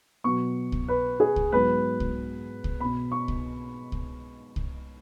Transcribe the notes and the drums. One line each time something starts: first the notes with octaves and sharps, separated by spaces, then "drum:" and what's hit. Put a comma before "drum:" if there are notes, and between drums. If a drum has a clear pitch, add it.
B2 F#3 B3 C#6
drum: kick C2
B4
G#4
drum: kick C2
G#2 F#3 B3 B4
drum: kick C2
drum: kick C2
B2 B3 B5
C#6
drum: kick C2
drum: kick C2
drum: kick C2